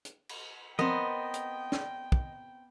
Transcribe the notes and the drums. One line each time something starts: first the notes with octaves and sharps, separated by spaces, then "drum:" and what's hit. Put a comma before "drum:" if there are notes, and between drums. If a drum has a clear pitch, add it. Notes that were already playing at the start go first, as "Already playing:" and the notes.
drum: hi-hat
drum: cymbal
B3 C4 A#4 D#5 G5, drum: tom F3
drum: hi-hat
drum: snare
drum: kick